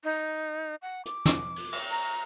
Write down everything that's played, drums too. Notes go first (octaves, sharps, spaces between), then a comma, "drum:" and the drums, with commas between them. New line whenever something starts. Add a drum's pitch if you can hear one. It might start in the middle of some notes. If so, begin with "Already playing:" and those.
D#4
F#5
D6, drum: hi-hat
drum: snare
drum: open hi-hat
drum: cymbal
A#5